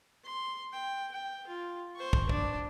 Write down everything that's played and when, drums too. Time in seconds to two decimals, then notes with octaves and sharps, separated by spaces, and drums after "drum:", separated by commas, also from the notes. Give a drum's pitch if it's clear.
0.25 C6
0.73 G5
1.11 G5
1.47 F4
1.96 C5 C#6
2.13 drum: kick
2.29 D4, drum: kick